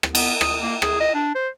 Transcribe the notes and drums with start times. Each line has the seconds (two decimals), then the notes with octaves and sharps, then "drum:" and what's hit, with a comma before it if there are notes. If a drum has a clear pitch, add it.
0.03 drum: rim click
0.15 B3, drum: cymbal
0.41 D#6, drum: rim click
0.61 A#3
0.82 G#4, drum: rim click
1.00 D#5
1.14 D4
1.35 C5